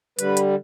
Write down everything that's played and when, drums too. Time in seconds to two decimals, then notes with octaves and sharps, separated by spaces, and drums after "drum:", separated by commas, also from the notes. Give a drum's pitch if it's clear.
0.19 D3 G3 B4, drum: hi-hat
0.37 drum: hi-hat